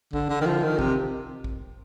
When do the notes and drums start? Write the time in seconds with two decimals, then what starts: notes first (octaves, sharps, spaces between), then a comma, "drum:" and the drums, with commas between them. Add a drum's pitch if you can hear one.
0.13 D3, drum: kick
0.30 D3
0.41 D#3
0.46 F3
0.63 D#3
0.79 C3, drum: kick
1.44 drum: kick